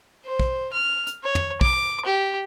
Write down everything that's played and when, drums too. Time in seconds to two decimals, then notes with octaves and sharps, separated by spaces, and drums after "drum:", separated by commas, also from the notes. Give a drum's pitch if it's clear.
0.25 C5
0.40 drum: kick
0.72 F6
1.07 drum: hi-hat
1.23 C#5
1.35 drum: tom
1.61 D6, drum: kick
2.05 G4